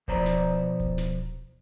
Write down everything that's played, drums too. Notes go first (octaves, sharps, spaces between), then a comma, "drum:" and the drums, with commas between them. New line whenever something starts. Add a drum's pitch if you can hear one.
B2 F3 C5 D5 A#5, drum: kick D1, hi-hat
drum: snare
drum: hi-hat
drum: kick D1, hi-hat
drum: snare
drum: hi-hat